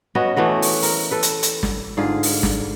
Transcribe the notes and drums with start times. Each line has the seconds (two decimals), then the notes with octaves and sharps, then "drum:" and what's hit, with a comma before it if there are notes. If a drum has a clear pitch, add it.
0.15 B3 C#4 F#4 D#5
0.36 E3 A3 B3 F#4
0.62 drum: open hi-hat
0.82 A#4, drum: open hi-hat
1.11 A4 B4
1.23 drum: hi-hat
1.43 drum: hi-hat
1.63 drum: snare
1.97 G#2 D3 F4 G#4
2.23 drum: open hi-hat
2.43 drum: snare